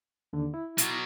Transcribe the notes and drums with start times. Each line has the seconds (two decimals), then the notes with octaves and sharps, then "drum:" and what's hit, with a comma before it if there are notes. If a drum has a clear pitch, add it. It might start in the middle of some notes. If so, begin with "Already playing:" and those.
0.33 D#2 D3
0.54 E4
0.78 B2 F#3, drum: hi-hat